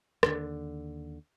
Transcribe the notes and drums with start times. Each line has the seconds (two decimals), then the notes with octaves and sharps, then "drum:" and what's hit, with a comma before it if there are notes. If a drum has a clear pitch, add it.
0.23 D#2 D3, drum: rim click